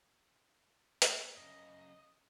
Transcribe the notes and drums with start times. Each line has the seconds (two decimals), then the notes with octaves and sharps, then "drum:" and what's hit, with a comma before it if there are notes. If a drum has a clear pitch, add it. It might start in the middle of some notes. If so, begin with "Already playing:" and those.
1.02 drum: hi-hat
1.37 F#2 C#3 D#5